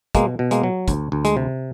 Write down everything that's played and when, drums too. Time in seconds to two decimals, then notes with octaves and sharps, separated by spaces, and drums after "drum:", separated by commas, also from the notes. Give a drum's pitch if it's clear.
0.15 B2 G#3 A#3, drum: kick, hi-hat
0.39 B2
0.51 G#3 A#3, drum: hi-hat
0.63 F#3
0.88 D2, drum: kick, hi-hat
1.12 D2
1.25 G#3, drum: hi-hat
1.37 C3